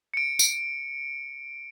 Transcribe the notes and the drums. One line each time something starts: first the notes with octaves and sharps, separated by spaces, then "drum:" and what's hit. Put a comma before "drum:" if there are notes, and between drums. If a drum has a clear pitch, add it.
C#7 D7
drum: tambourine